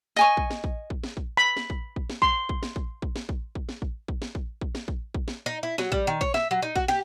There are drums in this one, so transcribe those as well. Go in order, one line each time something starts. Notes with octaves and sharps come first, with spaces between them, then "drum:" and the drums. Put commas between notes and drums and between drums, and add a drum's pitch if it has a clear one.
D#5 G#5 C#6
drum: kick
drum: snare
drum: kick
drum: kick
drum: snare
drum: kick
B5
drum: snare
drum: kick
drum: kick
drum: snare
C6, drum: kick
drum: kick
drum: snare
drum: kick
drum: kick
drum: snare
drum: kick
drum: kick
drum: snare
drum: kick
drum: kick
drum: snare
drum: kick
drum: kick
drum: snare
drum: kick
drum: kick
drum: snare
D#4
E4
F#3, drum: snare
G3, drum: kick
D#3
C#5, drum: kick
E5, drum: snare
F#3
D#4
F#4, drum: kick
G4, drum: snare